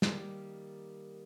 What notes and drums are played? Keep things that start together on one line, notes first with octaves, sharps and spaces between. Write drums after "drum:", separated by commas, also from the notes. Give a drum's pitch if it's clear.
D#3 G3 A#3, drum: snare